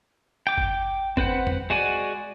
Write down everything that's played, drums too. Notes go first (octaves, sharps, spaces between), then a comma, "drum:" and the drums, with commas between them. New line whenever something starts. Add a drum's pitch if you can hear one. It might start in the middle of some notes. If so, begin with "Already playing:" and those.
G5 D6
drum: kick
C4 B4 C5 F#5, drum: kick
drum: tom
G#3 F#4 D5 G#5